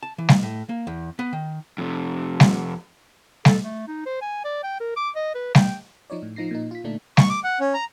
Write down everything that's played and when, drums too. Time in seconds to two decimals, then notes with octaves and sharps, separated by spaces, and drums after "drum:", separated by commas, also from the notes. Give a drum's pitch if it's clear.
0.03 A5
0.18 E3
0.29 drum: snare G3
0.43 A2
0.69 A#3
0.87 E2
1.19 B3
1.33 D#3
1.78 F2 C3
2.40 drum: snare G3
3.45 A4, drum: snare G3
3.64 A3
3.88 D#4
4.06 C5
4.21 G#5
4.44 D5
4.63 G5
4.80 A#4
4.96 D6
5.15 D#5
5.34 B4
5.55 G5, drum: snare G3
6.10 F3 D#4 C#5 D5
6.22 A2
6.36 F3 D#4 A#6 C7
6.51 A#2 D#4
6.71 F4 B6
6.84 A#2 D3 A3 D4 D#4
7.17 C#6, drum: snare G3
7.30 D6
7.44 F#5
7.60 C#4
7.74 A#5